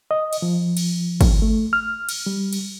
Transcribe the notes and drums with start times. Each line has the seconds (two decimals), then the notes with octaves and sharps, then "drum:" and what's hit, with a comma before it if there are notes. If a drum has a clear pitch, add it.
0.11 D#5
0.33 drum: cymbal
0.42 F3
0.77 drum: cymbal
1.21 drum: kick G#1, cymbal
1.42 A3
1.73 F6
2.09 drum: cymbal
2.26 G3
2.53 drum: cymbal